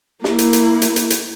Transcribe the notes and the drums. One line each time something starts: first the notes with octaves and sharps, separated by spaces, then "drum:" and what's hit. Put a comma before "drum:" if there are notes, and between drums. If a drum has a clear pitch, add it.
A#3 E4, drum: snare
drum: hi-hat
drum: hi-hat
drum: hi-hat
drum: hi-hat
drum: hi-hat